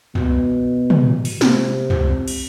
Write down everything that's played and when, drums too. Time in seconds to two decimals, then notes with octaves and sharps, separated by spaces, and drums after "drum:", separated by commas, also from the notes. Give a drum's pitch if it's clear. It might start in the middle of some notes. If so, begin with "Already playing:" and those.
0.15 B2, drum: tom
0.90 drum: tom
1.25 drum: open hi-hat
1.41 C3, drum: snare
1.90 drum: tom
2.28 drum: cymbal